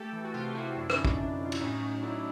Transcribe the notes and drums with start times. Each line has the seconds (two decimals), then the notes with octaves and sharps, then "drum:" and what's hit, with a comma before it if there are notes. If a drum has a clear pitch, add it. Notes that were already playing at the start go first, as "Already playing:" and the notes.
Already playing: A3 G4 A4
0.13 E3
0.24 F#4
0.34 C3 F4 G4
0.55 C3 E4 F#4
0.76 F#2 D4 E4
0.90 C#4 D#4, drum: rim click
0.97 D3
1.05 D4, drum: kick
1.18 F#2
1.39 D3
1.45 F4
1.52 E4, drum: cymbal
1.60 A2 C#4 D#4
1.81 F#3
2.02 A2 D4 E4